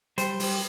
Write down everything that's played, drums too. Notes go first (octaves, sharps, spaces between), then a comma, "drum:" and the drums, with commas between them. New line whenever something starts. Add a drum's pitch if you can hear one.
G3 C5, drum: hi-hat
G3, drum: open hi-hat